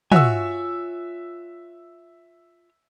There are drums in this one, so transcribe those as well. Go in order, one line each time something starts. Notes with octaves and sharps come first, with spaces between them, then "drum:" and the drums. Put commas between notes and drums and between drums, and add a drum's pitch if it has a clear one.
F4 F#4 C#5 E5 G#5 E6, drum: tom